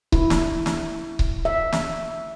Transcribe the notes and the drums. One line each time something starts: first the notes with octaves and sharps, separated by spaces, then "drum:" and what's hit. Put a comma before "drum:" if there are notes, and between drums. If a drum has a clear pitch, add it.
E4, drum: kick C#1
drum: snare
drum: snare
drum: kick C#1
E5
drum: snare